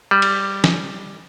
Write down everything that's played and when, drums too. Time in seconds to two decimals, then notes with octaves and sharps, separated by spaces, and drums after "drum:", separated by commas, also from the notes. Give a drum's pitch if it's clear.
0.11 G3
0.22 drum: cymbal
0.64 drum: snare